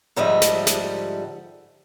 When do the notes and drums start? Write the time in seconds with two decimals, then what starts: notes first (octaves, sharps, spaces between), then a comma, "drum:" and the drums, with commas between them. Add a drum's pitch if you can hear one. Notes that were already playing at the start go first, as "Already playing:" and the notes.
0.16 G#2 D3 F3 G3 D#5 E5
0.42 drum: snare
0.67 drum: snare